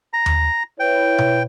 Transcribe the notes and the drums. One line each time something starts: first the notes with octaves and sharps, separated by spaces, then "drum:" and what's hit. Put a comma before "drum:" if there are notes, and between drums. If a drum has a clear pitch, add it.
A#5
drum: tom D#2
E4 B4 C#5 G5
drum: tom B2